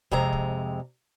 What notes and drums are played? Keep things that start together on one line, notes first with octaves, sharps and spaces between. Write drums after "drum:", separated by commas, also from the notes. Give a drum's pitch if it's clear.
F2 C3 G#3 A#5, drum: kick
drum: kick